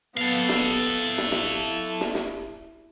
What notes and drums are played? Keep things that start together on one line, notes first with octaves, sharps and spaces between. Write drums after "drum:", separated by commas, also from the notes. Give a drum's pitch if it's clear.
B3 A4 F5
drum: snare
E4
drum: snare
drum: snare
drum: snare
drum: snare